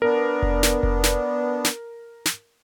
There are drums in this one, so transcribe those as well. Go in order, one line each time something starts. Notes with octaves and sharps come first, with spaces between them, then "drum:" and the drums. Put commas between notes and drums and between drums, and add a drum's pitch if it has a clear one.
B3 D4 A#4
drum: kick F1
drum: snare
drum: kick F1
drum: snare
drum: snare
drum: snare